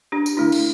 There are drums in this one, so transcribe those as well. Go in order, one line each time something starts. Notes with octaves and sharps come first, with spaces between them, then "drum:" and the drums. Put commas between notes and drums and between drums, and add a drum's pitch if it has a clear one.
D4 G4
drum: tambourine
D3 A3 D4 E4
drum: cymbal